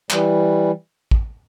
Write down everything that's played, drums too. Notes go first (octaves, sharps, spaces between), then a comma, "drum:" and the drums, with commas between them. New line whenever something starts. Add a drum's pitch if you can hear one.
E3 G3, drum: clap
drum: kick